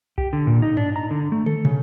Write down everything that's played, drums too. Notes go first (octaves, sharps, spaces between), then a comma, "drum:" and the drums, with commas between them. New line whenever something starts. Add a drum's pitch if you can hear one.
G4, drum: kick B1
D3
A#2
D#4
D4, drum: tom G2
A#5
D3
A3
A4, drum: tom
C#3, drum: tom